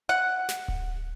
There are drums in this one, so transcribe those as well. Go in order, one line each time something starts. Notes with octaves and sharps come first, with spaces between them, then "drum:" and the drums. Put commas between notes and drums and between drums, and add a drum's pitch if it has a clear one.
F#5
drum: snare
drum: kick D1